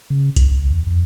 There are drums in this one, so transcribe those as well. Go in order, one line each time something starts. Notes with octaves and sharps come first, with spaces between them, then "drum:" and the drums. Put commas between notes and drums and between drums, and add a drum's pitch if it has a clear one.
C#3
C#2, drum: kick B1, hi-hat
C#2
E2
F2